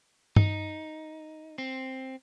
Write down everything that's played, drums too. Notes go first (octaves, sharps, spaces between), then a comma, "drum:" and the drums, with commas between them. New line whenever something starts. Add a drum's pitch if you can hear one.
D#4, drum: tom
C4